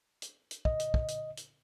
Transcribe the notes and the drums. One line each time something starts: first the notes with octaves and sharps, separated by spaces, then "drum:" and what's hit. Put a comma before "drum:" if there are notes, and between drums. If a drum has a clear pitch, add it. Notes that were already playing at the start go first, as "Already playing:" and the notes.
drum: hi-hat
drum: hi-hat
D#5, drum: kick
drum: hi-hat
drum: kick
drum: hi-hat
drum: hi-hat